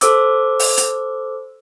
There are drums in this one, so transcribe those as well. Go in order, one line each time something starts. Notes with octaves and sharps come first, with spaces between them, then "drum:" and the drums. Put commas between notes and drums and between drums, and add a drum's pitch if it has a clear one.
A4 C5 D6 E6, drum: hi-hat
drum: open hi-hat
drum: hi-hat